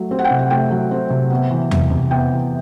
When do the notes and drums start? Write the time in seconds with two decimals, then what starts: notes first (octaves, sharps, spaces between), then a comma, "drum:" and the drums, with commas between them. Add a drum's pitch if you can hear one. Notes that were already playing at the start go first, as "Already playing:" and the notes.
Already playing: F#3 A3
0.11 C4
0.19 F#5
0.24 G5
0.31 C3
0.39 F#5
0.50 A3 G5
0.71 F#3
0.91 C4
1.10 C3
1.31 B3
1.51 E3
1.71 C3, drum: tom E2
1.91 C3
2.11 B3 G5
2.31 E3